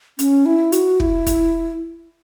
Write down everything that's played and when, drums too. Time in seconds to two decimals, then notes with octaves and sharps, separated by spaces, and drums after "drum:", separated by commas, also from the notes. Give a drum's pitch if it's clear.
0.19 C#4, drum: hi-hat
0.46 E4
0.72 F#4, drum: hi-hat
1.00 E4, drum: kick
1.26 drum: kick, hi-hat